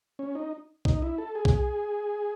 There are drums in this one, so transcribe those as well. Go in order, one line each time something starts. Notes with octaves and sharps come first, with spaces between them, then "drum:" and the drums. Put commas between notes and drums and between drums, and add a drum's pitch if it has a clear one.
C#4
D#4
D#4, drum: kick B1
E4
A4
G#4
drum: kick B1